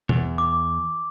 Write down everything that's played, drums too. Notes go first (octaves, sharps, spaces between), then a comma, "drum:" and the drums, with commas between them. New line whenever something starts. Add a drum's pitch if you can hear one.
E2, drum: tom
D6